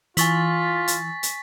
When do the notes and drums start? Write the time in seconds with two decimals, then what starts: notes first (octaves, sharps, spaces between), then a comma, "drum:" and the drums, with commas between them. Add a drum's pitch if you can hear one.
0.17 E3 F4 G#5 C#6 A6 B6 F#7, drum: hi-hat
0.88 drum: hi-hat
1.23 drum: hi-hat